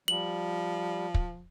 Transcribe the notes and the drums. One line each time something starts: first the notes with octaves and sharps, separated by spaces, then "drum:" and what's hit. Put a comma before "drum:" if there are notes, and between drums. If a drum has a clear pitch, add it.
F3 G3 F#7
drum: kick